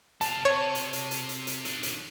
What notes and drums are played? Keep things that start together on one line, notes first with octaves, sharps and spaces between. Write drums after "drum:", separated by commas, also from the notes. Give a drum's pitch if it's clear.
C3 F5 A5, drum: hi-hat
C3 C#5
drum: hi-hat
drum: hi-hat
drum: hi-hat
drum: hi-hat
drum: hi-hat
D#3 D4, drum: hi-hat
drum: hi-hat